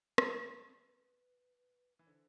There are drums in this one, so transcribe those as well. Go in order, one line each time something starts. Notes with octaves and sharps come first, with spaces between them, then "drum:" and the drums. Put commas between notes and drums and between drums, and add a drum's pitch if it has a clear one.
B4, drum: rim click
E3 B4
D3 C5 D5